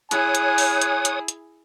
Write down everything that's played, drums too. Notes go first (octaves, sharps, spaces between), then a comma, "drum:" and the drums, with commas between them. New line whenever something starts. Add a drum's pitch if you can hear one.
E4 G#4 C#5 G#5 D#6 F#6, drum: hi-hat
drum: hi-hat
drum: open hi-hat
drum: hi-hat
drum: hi-hat
drum: hi-hat